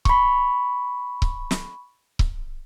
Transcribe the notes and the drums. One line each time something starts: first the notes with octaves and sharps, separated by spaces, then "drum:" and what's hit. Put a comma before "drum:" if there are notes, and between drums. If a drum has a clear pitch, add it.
B5 C#6, drum: kick C#1
drum: kick C#1
drum: snare
drum: kick C#1